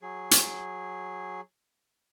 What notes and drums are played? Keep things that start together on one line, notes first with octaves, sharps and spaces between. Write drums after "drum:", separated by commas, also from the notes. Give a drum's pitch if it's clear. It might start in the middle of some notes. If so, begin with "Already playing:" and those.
F#3 G#4
drum: hi-hat